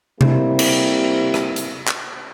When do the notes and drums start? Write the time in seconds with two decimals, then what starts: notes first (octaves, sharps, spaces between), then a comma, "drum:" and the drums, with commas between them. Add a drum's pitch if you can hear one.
0.21 G3 A#3 C4 E4 G4, drum: tom C3
0.59 drum: cymbal
1.34 drum: rim click
1.56 drum: hi-hat
1.87 drum: clap